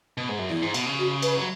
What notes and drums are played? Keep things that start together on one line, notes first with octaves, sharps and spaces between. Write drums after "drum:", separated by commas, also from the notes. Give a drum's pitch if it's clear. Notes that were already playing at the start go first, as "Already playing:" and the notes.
B2
G#2
F#2
E2 E4
G#2
B2, drum: cymbal
C#3
F#4
B4, drum: cymbal
F#3